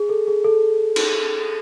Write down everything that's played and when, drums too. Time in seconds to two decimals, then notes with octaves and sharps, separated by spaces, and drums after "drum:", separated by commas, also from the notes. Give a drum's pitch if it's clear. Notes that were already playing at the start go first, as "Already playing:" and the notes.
Already playing: G#4
0.09 A4
0.27 G#4
0.44 A4
0.96 drum: cymbal